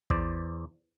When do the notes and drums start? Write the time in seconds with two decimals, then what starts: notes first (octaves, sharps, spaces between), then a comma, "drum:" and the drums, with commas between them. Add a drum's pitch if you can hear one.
0.10 E2 C5 D5, drum: kick